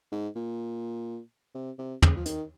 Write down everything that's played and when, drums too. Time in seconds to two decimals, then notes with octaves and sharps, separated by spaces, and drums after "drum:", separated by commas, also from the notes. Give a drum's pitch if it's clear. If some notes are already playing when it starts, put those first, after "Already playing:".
0.12 G#2
0.36 A#2
1.55 C3
1.79 C3
2.02 C#3, drum: tom
2.16 F3
2.26 D#3, drum: hi-hat